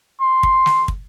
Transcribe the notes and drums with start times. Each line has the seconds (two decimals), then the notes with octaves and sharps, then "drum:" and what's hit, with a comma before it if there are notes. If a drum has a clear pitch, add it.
0.21 C6
0.43 drum: kick
0.66 drum: snare
0.88 drum: kick